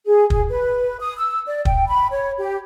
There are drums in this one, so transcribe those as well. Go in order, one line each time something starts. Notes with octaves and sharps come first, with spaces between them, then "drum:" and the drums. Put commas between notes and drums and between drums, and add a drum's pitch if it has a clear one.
G#4
G#4, drum: kick
B4
D#6
E6
D5
G5, drum: kick
B5
C#5
G4